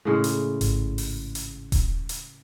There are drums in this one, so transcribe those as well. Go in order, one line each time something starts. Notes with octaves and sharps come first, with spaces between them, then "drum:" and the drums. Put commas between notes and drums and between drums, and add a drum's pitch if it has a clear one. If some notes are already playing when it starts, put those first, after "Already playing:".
A2 C#3 G#3
drum: hi-hat
G#1, drum: hi-hat
drum: open hi-hat
drum: hi-hat
drum: kick D#1, hi-hat
drum: hi-hat